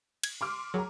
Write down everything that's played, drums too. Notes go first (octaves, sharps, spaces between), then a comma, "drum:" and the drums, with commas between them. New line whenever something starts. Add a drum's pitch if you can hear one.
G#6, drum: cymbal
C6 D6 F6
F#3 G#4 A#5